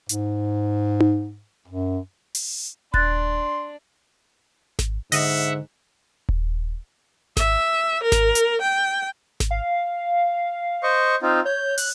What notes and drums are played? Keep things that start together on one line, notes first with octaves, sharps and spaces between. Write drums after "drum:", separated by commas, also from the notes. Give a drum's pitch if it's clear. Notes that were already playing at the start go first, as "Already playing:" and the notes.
G#2, drum: hi-hat
drum: tom D#4
F#2
drum: open hi-hat
D4 C6 F#6 A6, drum: kick D#1
drum: snare G#1
G#2 D3 D#5 E5 F#5, drum: open hi-hat
drum: kick D#1
E5, drum: snare G#1
A#4
drum: snare G#1
drum: hi-hat
G5
drum: snare G#1
F5
C5 D#5 C#6
C4 D#4 F4
C#5 G6
F#6, drum: open hi-hat